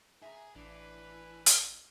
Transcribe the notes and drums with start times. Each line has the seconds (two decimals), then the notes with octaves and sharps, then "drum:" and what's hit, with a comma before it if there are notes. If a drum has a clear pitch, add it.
0.22 G#4 E5 A#5
0.56 A1 E3 D4 B4
1.46 drum: hi-hat